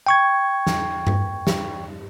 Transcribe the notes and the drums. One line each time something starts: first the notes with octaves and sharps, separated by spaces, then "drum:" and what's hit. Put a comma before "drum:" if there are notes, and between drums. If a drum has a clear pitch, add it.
G5 C#6 G#6
drum: snare
drum: tom G2
drum: snare